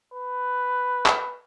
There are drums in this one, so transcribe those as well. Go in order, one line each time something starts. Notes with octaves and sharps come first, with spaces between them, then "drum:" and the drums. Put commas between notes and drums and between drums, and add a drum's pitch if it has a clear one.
B4
drum: clap